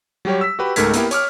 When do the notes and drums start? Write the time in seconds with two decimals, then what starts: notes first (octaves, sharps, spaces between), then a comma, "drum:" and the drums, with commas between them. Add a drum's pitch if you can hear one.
0.25 F#3 G3 G4 C#5
0.41 E6 B6
0.59 F#4 G4 B4
0.76 C#2 G#2 A3 A#4 G#6 B6, drum: hi-hat
0.94 A#3 B3 E4 G4, drum: hi-hat
1.11 C#5 D6 F6, drum: hi-hat